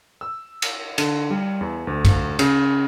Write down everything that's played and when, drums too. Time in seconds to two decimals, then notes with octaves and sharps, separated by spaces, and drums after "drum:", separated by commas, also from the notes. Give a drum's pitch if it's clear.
0.21 E6
0.62 drum: cymbal
0.98 D3, drum: cymbal
1.30 G3
1.61 E2
1.87 D2
2.05 drum: kick, cymbal
2.39 C#3, drum: cymbal